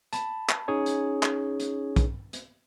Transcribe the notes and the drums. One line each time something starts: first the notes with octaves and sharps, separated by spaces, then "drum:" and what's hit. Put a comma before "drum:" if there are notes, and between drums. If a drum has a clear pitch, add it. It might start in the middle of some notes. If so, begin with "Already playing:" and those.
A5 B5, drum: hi-hat
drum: clap
C#4 D#4 G#4 C#5
drum: hi-hat
drum: clap
drum: hi-hat
drum: kick, hi-hat
drum: hi-hat